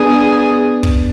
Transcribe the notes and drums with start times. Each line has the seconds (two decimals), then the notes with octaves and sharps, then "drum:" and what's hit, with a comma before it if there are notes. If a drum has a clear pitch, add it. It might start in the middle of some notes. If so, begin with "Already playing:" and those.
Already playing: B3 D4 G#4
0.83 drum: kick